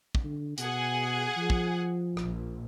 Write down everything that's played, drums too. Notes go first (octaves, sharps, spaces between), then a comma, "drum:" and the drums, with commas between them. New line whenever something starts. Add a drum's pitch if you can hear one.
drum: kick
D3
B2 G#4 F#5 G#5, drum: hi-hat
F3
drum: kick
A#1, drum: rim click